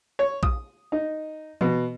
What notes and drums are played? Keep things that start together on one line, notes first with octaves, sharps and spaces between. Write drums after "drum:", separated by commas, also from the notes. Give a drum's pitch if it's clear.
C#5
D#6, drum: kick A#1
D#4
B2, drum: tom E3